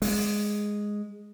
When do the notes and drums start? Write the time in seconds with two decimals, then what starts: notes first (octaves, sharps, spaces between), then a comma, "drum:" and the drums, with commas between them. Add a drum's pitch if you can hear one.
0.02 G#3, drum: open hi-hat